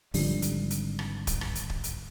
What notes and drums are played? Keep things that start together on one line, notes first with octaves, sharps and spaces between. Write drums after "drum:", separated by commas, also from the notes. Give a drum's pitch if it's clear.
G#1 D3 F3 G3, drum: open hi-hat
drum: hi-hat
drum: hi-hat
drum: rim click
drum: kick, hi-hat
drum: rim click
drum: hi-hat
drum: kick
drum: hi-hat